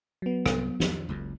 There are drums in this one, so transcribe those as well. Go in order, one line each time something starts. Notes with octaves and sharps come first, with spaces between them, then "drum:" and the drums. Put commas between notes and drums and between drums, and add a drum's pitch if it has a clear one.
F#3 B3
C2 G#2, drum: rim click
F2 D#3 F3, drum: snare
F#1 C#2 F#2